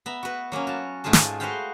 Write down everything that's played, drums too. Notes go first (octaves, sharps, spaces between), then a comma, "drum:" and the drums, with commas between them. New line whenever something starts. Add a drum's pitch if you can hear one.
B3 E5 A#5
F#4 B4
F#3 A#3 B3 C#4
F#4 A5
G#2 A3 F4 G#4 A5
drum: snare
F#4 G#4 B4 C5 F5 G5